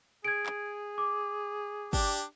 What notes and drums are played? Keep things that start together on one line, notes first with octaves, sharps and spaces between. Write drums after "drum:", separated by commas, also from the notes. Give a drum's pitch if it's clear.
G#4 G#6 D7
drum: clap
D6
D4 G4, drum: kick